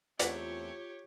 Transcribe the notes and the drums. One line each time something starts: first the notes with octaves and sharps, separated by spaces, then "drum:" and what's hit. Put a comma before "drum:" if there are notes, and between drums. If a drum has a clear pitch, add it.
E2 A3 C4 F4 G4 C#5 D5 F#5, drum: hi-hat